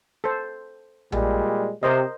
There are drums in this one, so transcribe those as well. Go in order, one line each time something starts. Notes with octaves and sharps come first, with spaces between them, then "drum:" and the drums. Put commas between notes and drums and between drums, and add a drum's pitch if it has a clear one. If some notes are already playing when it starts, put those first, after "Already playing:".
A4 C5
A#2 G3 G#3, drum: tom A#1
C3 A#4 C5 D#5